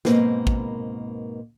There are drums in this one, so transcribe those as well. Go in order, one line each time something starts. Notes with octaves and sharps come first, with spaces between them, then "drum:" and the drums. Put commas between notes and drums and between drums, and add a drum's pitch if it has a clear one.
G#2 B2 A#3 C4 A#4 B4, drum: snare
drum: kick